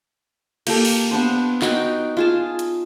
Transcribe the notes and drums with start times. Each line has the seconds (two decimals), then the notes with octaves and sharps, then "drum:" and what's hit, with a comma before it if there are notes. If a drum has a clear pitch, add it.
0.67 A#3 G4 A4, drum: cymbal
0.85 drum: open hi-hat
1.11 B3 D4 C5
1.62 D#4 F#4 G5, drum: clap
2.17 F4 G#4 A5
2.59 drum: hi-hat